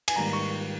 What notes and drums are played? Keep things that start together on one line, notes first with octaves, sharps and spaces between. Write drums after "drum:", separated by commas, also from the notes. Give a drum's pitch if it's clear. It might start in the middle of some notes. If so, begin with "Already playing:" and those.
G#5, drum: cymbal
G#2 D#3 G3 A#3 A#5
C#6